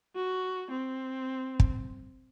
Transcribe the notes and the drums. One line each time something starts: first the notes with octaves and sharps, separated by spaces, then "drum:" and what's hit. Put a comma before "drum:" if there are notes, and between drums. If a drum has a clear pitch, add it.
F#4
C4
drum: kick